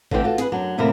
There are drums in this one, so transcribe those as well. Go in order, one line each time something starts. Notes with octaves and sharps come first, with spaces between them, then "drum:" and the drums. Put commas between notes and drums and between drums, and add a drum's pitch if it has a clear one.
D3 E3 A3 C4 E4 G4, drum: kick G#1
F4 F#4 A4
G#4 B4, drum: snare
F#2 F#3 D4
E2 A2 C3 A#3 E4 A#4